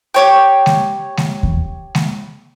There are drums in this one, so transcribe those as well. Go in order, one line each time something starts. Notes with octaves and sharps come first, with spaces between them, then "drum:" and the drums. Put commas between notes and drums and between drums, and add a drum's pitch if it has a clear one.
G4 C#5 G5
drum: snare G#3
drum: snare G#3
drum: kick D#2
drum: snare G#3